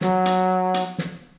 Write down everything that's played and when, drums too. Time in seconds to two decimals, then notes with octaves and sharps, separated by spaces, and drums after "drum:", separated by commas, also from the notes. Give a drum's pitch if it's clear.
0.01 F#3, drum: snare
0.25 drum: hi-hat
0.74 drum: hi-hat
0.98 drum: snare